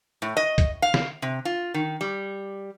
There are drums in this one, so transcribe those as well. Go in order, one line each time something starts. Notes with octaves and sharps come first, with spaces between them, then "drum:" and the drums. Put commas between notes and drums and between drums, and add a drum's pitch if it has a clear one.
A2
D#5
drum: kick C2, hi-hat
F5
drum: snare
C3
F4
D#3
G3